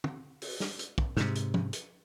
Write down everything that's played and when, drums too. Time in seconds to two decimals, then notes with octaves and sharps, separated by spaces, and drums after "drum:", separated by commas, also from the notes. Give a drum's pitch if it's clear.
0.04 drum: tom
0.42 drum: open hi-hat
0.60 drum: snare
0.79 drum: hi-hat
0.98 drum: kick
1.17 G#2 C3, drum: snare
1.35 drum: hi-hat
1.54 drum: tom
1.73 drum: hi-hat